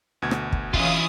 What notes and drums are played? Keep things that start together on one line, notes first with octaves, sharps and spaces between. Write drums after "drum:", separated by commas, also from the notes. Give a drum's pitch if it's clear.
D2 B2 G#6
drum: rim click
drum: kick
E3 C#4 E4 F4 F5 D#6, drum: kick